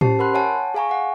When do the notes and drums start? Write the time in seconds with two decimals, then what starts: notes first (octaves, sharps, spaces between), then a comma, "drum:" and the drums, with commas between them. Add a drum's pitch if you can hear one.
0.01 C#4 G4 C5 A5 C7, drum: tom A2
0.19 A#4 F#5 B5 C6 F#6
0.34 C#5 E5 F#5 G#5 A5
0.74 G#4 F5 G#5 A#5 C#6
0.89 F5 F#5